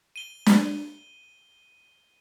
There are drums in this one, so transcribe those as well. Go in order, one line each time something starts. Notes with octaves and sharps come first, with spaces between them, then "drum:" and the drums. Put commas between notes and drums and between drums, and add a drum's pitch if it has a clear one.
D#7 G7
drum: snare